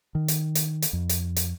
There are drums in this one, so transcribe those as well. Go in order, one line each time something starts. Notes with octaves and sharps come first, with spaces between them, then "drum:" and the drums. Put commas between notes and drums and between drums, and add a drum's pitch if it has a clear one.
D#3
drum: hi-hat
drum: hi-hat
drum: hi-hat
F2
drum: hi-hat
drum: hi-hat